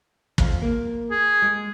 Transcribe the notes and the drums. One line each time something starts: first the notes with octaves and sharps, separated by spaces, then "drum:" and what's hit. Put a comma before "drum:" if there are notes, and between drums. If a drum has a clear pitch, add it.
F2 F5, drum: kick
A#3
G#4
G#3